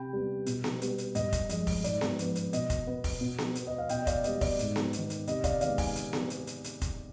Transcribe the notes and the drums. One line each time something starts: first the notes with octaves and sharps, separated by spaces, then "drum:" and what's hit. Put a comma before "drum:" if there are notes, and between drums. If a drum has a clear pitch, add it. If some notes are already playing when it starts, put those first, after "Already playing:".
Already playing: C3 G5 B5
G3 B3
B2, drum: hi-hat
drum: snare B3
G3 B3, drum: hi-hat
drum: hi-hat
G2 D#5, drum: hi-hat
drum: kick F1, hi-hat
F3 G#3 D#5, drum: hi-hat
drum: kick F1, open hi-hat
G#2 D5, drum: hi-hat
drum: snare B3
F3 G#3 B3, drum: hi-hat
drum: hi-hat
B2 D#5, drum: hi-hat
drum: kick F1, hi-hat
B3
drum: kick F1, open hi-hat
B2
drum: snare B3
B3, drum: hi-hat
D#5
F5
B2 D#5 G5, drum: hi-hat
D#5
D5 F5, drum: kick F1, hi-hat
G3 B3 D#5, drum: hi-hat
D5, drum: kick F1, open hi-hat
G#2, drum: hi-hat
drum: snare B3
D#3 B3, drum: hi-hat
drum: hi-hat
C3 D#5, drum: hi-hat
D5 F5, drum: kick F1, hi-hat
D#3 G#3 B3 D5 F5, drum: hi-hat
F5 G#5, drum: kick F1, open hi-hat
drum: hi-hat
drum: snare B3
drum: hi-hat
drum: hi-hat
drum: hi-hat
drum: kick F1, hi-hat